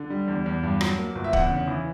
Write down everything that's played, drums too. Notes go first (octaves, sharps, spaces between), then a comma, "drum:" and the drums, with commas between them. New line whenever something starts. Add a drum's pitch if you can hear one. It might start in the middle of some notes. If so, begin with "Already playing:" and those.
Already playing: D3
G3
E2
E2
G2
F#3, drum: rim click
A#3
G1
E5
E2 F#5, drum: kick
C#3
E3